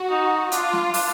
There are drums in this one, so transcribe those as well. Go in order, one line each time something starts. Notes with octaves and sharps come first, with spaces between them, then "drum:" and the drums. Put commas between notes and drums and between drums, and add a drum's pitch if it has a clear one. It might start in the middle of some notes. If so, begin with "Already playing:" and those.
Already playing: F#4
D#4
D4 F4, drum: hi-hat
drum: snare
D4, drum: open hi-hat